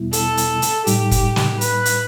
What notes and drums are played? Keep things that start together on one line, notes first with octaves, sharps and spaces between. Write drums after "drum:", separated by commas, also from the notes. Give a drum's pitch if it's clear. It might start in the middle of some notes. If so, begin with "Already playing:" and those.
Already playing: E2 B2 G3 B3 E4
A4, drum: hi-hat
drum: hi-hat
drum: hi-hat
A2 G3 D#4 G4, drum: hi-hat
drum: kick, hi-hat
drum: snare
B4, drum: hi-hat
drum: hi-hat